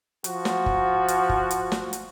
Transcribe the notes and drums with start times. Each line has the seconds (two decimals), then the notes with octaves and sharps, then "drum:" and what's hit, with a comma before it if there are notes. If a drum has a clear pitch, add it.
0.24 F3 F#4, drum: hi-hat
0.45 drum: snare
0.66 drum: kick
1.08 drum: hi-hat
1.29 drum: kick
1.51 drum: hi-hat
1.72 drum: snare
1.93 drum: hi-hat